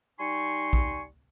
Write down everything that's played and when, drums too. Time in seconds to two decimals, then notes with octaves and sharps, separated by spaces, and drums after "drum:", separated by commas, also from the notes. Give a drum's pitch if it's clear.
0.19 G3 D#4 G#5 C6 C#6
0.73 drum: kick A#1